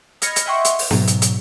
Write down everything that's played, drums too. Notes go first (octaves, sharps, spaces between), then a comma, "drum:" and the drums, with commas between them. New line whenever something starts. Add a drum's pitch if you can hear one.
D#5 B5 F6 G#6 A#6 C#7, drum: hi-hat
drum: hi-hat
D#5 E5 F#5 G5 C6 C#6
drum: hi-hat
drum: open hi-hat
G#2 B2 F#3, drum: snare
drum: hi-hat
drum: hi-hat